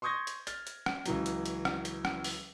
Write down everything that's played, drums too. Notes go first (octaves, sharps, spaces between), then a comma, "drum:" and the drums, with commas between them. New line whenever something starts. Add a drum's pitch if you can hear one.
C6 C#6 D#6 G6 G#6 A#6
drum: hi-hat
F6 A6, drum: hi-hat
drum: hi-hat
drum: rim click
C#2 E3 F#3, drum: hi-hat
drum: hi-hat
drum: hi-hat
drum: rim click
drum: hi-hat
drum: rim click
drum: open hi-hat